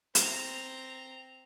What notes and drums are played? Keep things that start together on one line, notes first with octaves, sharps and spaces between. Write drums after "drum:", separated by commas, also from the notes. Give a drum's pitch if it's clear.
C4 A#5, drum: hi-hat